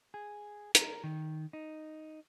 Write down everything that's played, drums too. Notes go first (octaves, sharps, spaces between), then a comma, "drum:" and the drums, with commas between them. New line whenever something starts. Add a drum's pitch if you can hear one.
G#4
A#4, drum: hi-hat
D#3
D#4